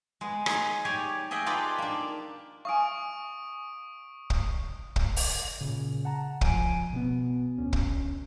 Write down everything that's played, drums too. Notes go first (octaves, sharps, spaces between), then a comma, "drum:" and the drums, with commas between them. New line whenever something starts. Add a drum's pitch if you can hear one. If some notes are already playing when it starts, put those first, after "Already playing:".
G#3 B3
D#4 G#4, drum: rim click
G4 C#5 D5 G#5
G#4 D#5 E5 F#5 G5
D#4 F4 G4 A4 B4 D5
A#3 D4
F5 G#5 C#6 D#6 D7
drum: kick
drum: kick
drum: open hi-hat
A#2 C#3
F#5 A5 A#5
F3 G#5 D7 D#7, drum: kick
B2 B3
D2 C#4
drum: kick